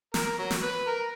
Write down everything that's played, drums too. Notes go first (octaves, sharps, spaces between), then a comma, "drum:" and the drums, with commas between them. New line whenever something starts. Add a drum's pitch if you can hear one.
A#4, drum: snare
F#3
drum: snare
B4
A#4